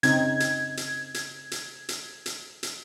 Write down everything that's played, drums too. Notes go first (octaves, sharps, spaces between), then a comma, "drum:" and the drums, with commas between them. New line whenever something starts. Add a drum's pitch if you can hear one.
C#3 C4 D#4 G#6, drum: hi-hat
drum: hi-hat
drum: hi-hat
drum: hi-hat
drum: hi-hat
drum: hi-hat
drum: hi-hat
drum: hi-hat